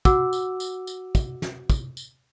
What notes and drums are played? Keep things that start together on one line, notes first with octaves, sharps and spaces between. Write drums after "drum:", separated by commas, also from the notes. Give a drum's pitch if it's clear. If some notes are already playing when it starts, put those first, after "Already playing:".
F#4 F#5 D6 E6, drum: kick, tambourine
drum: tambourine
drum: tambourine
drum: tambourine
drum: kick, tambourine
drum: snare
drum: kick, tambourine
drum: tambourine